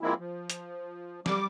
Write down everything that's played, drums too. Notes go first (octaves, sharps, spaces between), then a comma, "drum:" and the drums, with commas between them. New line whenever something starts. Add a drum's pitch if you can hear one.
F3 G#3 A#3 C4 E4
F3
drum: hi-hat
G3 D6, drum: snare